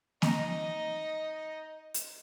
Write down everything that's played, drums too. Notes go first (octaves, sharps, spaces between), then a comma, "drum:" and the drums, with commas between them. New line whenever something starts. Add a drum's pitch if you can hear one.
D#4 D#5, drum: snare A#3
drum: hi-hat